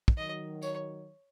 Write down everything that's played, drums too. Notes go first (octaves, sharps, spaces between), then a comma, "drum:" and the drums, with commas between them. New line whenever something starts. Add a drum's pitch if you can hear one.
drum: kick
D#3 F#3 D#5
C#5, drum: tambourine